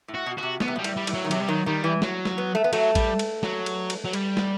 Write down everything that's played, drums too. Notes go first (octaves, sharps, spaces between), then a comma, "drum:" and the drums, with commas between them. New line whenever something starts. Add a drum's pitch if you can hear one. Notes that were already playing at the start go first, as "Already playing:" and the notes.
A2
F#4
B2
B2 F#4
C3
B2 B3, drum: snare
C3
B2 G3
A2, drum: cymbal
G3
A2, drum: cymbal
F#3
D#3
C3 F#3, drum: cymbal
G3
D#3 F#3
D#3 G3
E3
F#3, drum: snare
drum: snare
B3
A3
B3
F#3 A3, drum: cymbal
G3, drum: kick A1, cymbal
drum: cymbal
F#3, drum: snare
drum: cymbal
drum: cymbal
F#3
G3, drum: cymbal
drum: snare